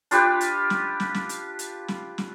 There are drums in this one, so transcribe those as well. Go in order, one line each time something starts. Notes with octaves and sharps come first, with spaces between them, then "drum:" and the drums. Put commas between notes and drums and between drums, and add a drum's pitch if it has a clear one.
D4 F4 G4 B4, drum: hi-hat
drum: hi-hat
drum: snare
drum: snare
drum: snare
drum: hi-hat
drum: hi-hat
drum: snare
drum: snare